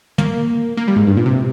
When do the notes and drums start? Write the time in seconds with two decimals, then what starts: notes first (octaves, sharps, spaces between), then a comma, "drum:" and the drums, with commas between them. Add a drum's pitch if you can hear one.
0.18 A#3, drum: tom
0.77 A#3
0.88 G3
0.96 G#2
1.07 G2
1.17 A#2
1.26 C3